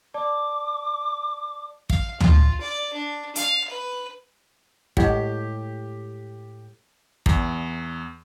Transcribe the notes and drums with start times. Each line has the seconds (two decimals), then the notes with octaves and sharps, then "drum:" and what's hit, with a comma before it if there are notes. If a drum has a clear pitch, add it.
0.14 D5 A5 D6
1.90 F5, drum: kick
2.20 F4, drum: tom
2.60 D5
2.93 D4
3.36 F5, drum: hi-hat
3.70 B4
4.97 A2 G#3 G4 D#5 F#5, drum: kick
7.26 E2, drum: kick